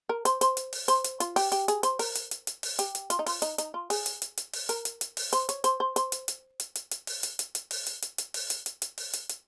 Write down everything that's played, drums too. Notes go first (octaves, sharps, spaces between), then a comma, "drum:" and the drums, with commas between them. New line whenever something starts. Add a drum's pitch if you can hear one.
A#4
C5, drum: hi-hat
C5, drum: hi-hat
drum: hi-hat
drum: open hi-hat
C5, drum: hi-hat
drum: hi-hat
F4, drum: hi-hat
G4, drum: open hi-hat
G4, drum: hi-hat
G#4, drum: hi-hat
C5, drum: hi-hat
A#4, drum: open hi-hat
drum: hi-hat
drum: hi-hat
drum: hi-hat
drum: open hi-hat
G4, drum: hi-hat
drum: hi-hat
F4, drum: hi-hat
D#4
F4, drum: open hi-hat
D#4, drum: hi-hat
D#4, drum: hi-hat
F4
G#4, drum: open hi-hat
drum: hi-hat
drum: hi-hat
drum: hi-hat
drum: open hi-hat
A#4, drum: hi-hat
drum: hi-hat
drum: hi-hat
drum: open hi-hat
C5, drum: hi-hat
C#5, drum: hi-hat
C5, drum: hi-hat
C5
C5, drum: hi-hat
drum: hi-hat
drum: hi-hat
drum: hi-hat
drum: hi-hat
drum: hi-hat
drum: open hi-hat
drum: hi-hat
drum: hi-hat
drum: hi-hat
drum: open hi-hat
drum: hi-hat
drum: hi-hat
drum: hi-hat
drum: open hi-hat
drum: hi-hat
drum: hi-hat
drum: hi-hat
drum: open hi-hat
drum: hi-hat
drum: hi-hat